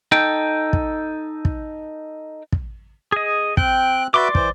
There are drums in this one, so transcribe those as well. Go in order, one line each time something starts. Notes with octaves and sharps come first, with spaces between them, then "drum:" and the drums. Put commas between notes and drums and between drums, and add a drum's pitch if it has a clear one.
D#4 A4 G5
drum: kick
drum: kick
drum: kick
G#4 D#5
C4 G5 F#6, drum: kick
F#4 B4 D5 E5 C6 D6
E3 C5, drum: kick